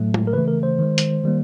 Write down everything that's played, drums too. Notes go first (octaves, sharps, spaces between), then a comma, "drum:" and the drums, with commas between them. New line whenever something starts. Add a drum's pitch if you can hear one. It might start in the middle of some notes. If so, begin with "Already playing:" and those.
Already playing: A2 F#3 A3
drum: tom
A#4
C#3 E3 A3 B4
A#4
C5
D#3 G#3
drum: hi-hat
D#3 G3 A#3